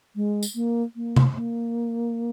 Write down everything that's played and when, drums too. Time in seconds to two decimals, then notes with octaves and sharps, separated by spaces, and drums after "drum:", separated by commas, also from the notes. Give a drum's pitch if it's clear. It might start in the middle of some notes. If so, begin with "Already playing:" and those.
0.16 G#3
0.43 drum: tambourine
0.55 A#3
0.96 A#3
1.16 drum: tom C3
1.35 A#3